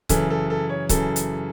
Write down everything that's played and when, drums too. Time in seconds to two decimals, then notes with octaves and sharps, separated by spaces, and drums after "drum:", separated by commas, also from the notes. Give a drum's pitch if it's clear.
0.09 F#2 C#3 E3 A4, drum: kick C#1, hi-hat
0.30 A4
0.50 A4
0.69 C#5
0.89 F#2 C#3 E3 A4, drum: kick C#1, hi-hat
1.16 drum: hi-hat